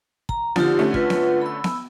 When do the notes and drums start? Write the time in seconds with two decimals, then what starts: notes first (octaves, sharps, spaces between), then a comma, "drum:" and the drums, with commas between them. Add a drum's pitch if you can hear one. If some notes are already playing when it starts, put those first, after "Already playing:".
0.29 A#5, drum: kick
0.56 D3 F3 D#4 F4 G4, drum: snare B3
0.78 D3 A3 C#4
0.94 F4 B4 F#5, drum: kick
1.10 drum: snare B3
1.41 B5 E6
1.64 drum: snare B3